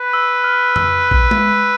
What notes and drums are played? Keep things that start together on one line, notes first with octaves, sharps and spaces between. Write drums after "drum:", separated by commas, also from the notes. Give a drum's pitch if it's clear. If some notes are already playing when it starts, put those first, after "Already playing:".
Already playing: B4
E6
F6
E6, drum: tom F2
drum: kick A#1
drum: tom G#3